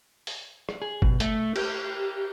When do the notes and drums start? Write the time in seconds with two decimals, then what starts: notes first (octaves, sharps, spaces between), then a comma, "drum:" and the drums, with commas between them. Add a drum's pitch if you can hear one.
0.27 drum: open hi-hat
0.69 drum: rim click
0.82 G#4
1.02 B2, drum: kick
1.20 A3, drum: hi-hat
1.56 G4, drum: cymbal